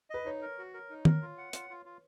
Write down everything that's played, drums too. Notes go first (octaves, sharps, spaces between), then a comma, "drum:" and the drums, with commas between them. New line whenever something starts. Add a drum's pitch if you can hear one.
B4 D#5
D#4 C#5
A#4
F#4
A#4
D#4
A#4, drum: tom
F4
F#5
F4, drum: hi-hat
F4
F4